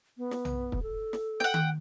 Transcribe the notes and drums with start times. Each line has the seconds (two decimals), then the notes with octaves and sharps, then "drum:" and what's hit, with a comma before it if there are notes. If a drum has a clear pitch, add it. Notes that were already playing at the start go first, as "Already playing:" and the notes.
0.18 B3
0.31 drum: snare
0.45 drum: tom B1
0.72 drum: kick
0.83 A4
1.13 drum: snare
1.40 F#5 G5, drum: snare
1.54 drum: tom D#3